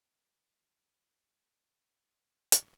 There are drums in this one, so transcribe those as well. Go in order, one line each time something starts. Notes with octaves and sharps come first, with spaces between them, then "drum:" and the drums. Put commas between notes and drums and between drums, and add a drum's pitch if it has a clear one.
G3 C#4 E4 B4 C#5
F2
F#3 G#4
drum: hi-hat